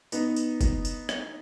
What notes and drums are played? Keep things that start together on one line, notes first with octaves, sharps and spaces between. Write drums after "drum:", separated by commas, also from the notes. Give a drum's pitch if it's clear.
B3 D#4, drum: tambourine
drum: tambourine
drum: kick, tambourine
drum: tambourine
drum: rim click